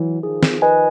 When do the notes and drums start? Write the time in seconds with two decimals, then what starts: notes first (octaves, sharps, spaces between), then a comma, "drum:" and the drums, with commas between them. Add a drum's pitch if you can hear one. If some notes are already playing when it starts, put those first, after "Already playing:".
Already playing: E3 F#3
0.23 D#3 F3 G#4
0.43 drum: snare
0.62 B4 D#5 G#5